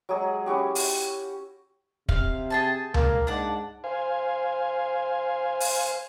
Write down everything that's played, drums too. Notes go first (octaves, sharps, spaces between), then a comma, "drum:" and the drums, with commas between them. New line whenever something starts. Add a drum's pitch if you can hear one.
F#3 G#3 G#4
C#4 E4 F#4 G4
drum: open hi-hat
C3 F5, drum: kick
G#4 G5 A5
A#3, drum: tom C#2
G#2 D4 F#5
C5 F5 G#5
drum: open hi-hat